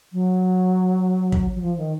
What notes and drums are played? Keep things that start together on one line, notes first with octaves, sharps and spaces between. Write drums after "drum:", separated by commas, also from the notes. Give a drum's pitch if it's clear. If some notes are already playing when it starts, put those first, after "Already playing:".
F#3
drum: kick
F#3
F3
D#3